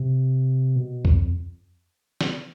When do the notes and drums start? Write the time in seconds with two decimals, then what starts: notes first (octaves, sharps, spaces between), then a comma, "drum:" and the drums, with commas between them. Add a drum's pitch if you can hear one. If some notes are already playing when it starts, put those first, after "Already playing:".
Already playing: C3
0.76 B2
1.05 F2, drum: kick C#2
2.21 drum: snare